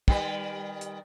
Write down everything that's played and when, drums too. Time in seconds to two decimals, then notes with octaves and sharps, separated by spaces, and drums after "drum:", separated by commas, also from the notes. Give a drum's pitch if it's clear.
0.08 D#3 G3 B4, drum: kick
0.81 drum: hi-hat